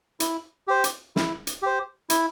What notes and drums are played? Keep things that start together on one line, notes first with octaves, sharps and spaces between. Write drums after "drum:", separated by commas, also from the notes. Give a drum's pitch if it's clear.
E4, drum: hi-hat
G4 C5
drum: hi-hat
E4, drum: snare
drum: hi-hat
G4 C5
E4, drum: hi-hat